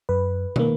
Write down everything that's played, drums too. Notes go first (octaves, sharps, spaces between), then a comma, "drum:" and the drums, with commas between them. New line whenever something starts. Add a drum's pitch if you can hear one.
F#2 B4
D#3 A#3, drum: tom